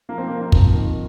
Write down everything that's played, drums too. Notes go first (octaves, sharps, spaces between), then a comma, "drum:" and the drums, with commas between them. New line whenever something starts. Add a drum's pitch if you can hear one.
F3 A#3
C4
F3 A#3
A#3
F3, drum: kick
D#3